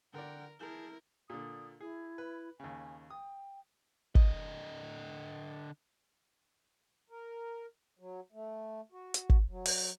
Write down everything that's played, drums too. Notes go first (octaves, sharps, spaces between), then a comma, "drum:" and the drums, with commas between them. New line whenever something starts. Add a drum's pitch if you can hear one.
D3 A#4 D5 F#5 G5
E4 G#4 A#4 A5 G6
A#2 D3 D#6
E4 G#4
B4
D#2 C#3 G#5
G5 D#6
D3 D#5, drum: kick
A#4
F#3
A3
F#4
drum: hi-hat
drum: kick
F#3
drum: open hi-hat